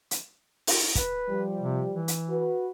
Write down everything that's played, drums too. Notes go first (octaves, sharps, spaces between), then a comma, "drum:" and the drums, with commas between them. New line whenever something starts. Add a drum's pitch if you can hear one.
drum: hi-hat
drum: open hi-hat
B4, drum: kick, hi-hat
F3 G3
C3
E3
drum: hi-hat
F#4 B4